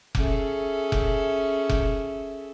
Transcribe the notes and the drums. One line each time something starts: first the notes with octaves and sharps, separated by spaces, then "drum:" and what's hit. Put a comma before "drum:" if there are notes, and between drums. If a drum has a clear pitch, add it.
C#4 G#4 A4 E5, drum: kick F1
drum: kick F1
drum: kick F1